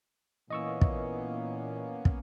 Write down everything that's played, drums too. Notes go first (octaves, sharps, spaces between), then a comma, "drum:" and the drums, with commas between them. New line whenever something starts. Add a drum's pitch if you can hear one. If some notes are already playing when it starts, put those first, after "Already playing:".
A#2 E3 A#3 B3 C#4 D#5 C#6 E6
drum: kick
drum: kick